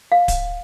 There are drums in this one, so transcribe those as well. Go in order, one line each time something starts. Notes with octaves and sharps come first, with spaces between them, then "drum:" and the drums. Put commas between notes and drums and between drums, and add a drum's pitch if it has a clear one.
F5
drum: kick D1, hi-hat